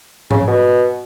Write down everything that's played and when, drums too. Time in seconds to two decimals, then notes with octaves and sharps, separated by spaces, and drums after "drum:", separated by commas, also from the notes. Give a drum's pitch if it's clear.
0.31 C#3, drum: tom G#2
0.47 B2